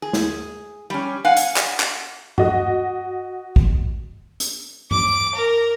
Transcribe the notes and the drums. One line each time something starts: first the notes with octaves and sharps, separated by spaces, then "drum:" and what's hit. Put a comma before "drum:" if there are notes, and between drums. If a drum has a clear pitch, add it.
G#4
drum: snare
G3 C#4
F5 F#5 G#5
drum: hi-hat
drum: clap
drum: clap
F#4 D#5, drum: tom G2
drum: kick
drum: hi-hat
D6, drum: tom G2
A#4